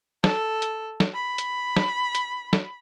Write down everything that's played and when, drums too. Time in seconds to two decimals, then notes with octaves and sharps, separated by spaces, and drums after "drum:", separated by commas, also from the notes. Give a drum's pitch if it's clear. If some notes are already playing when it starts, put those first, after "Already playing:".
0.24 A4, drum: snare
0.62 drum: hi-hat
1.00 drum: snare
1.14 B5
1.38 drum: hi-hat
1.76 drum: snare
2.15 drum: hi-hat
2.53 drum: snare